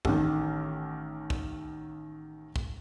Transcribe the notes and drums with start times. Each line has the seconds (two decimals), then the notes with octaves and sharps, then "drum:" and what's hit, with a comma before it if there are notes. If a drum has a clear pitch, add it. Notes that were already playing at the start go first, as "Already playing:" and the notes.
0.05 A1 D#3, drum: kick
1.30 drum: kick
2.56 drum: kick